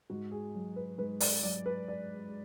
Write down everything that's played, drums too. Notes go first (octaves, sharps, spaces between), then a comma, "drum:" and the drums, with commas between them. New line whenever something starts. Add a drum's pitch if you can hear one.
G#2 F#4
G#4
F#3
B4
G#2 B4
D5, drum: open hi-hat
F#3 D5
B4
D5